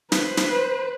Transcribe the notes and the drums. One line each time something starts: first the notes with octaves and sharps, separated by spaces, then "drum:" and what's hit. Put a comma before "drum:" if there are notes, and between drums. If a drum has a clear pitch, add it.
B4 C5, drum: snare
drum: snare